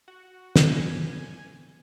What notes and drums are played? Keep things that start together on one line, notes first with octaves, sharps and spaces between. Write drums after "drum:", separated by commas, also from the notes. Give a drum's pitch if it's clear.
F#4
G#5, drum: snare